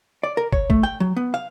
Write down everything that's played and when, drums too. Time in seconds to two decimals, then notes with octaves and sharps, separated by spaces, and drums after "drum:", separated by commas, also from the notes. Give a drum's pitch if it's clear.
0.23 D5
0.37 A#4
0.53 C#5, drum: kick
0.70 A3, drum: kick
0.83 G5
1.00 F#3
1.17 B3
1.34 F5